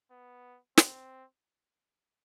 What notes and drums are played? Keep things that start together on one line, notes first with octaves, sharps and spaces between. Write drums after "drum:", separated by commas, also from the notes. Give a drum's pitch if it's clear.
B3
C4, drum: snare